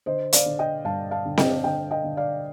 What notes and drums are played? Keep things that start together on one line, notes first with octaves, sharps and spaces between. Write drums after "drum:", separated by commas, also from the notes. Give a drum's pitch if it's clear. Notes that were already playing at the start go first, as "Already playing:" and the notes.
D3 C5 D#5
D5 F5, drum: hi-hat
D3
D#5 G5
G2 F5 A5
F5 A5
D3
D#5 G5, drum: snare C4
D3 D#5 G5
D#5 G5
D3
D5 F5